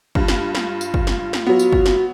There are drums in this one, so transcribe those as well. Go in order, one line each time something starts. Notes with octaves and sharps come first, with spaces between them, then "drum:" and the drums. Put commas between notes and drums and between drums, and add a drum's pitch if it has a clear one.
G2 F4, drum: kick
drum: snare
drum: snare
drum: tambourine
drum: kick
drum: snare
drum: snare
F#3 B3 F#4
drum: tambourine
drum: kick
drum: snare